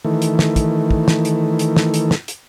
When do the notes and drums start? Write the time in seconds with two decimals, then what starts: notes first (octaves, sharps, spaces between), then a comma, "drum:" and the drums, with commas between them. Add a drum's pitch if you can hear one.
0.05 D#3 E3 A3
0.22 drum: hi-hat
0.39 drum: snare
0.56 drum: kick, hi-hat
0.91 drum: kick
1.08 drum: snare
1.25 drum: hi-hat
1.59 drum: hi-hat
1.77 drum: snare
1.94 drum: hi-hat
2.11 drum: snare
2.28 drum: hi-hat